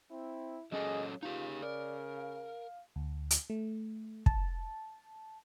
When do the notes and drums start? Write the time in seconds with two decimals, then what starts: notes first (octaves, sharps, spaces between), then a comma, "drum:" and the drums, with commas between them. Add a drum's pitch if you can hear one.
0.11 C4 E4
0.72 F#3 C#4 G#4 A4 D#5
1.23 C#3 D#4 F4 G4
1.62 A#4 D5
2.18 F5
2.96 D2
3.31 drum: hi-hat
3.50 A3
4.26 A5, drum: kick